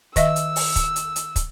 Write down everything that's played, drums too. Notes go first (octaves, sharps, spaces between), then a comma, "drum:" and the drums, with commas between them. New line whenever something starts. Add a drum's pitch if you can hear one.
D#3 D#5 E5 E6, drum: kick, hi-hat
drum: hi-hat
drum: open hi-hat
drum: kick, hi-hat
drum: hi-hat
drum: hi-hat
drum: kick, hi-hat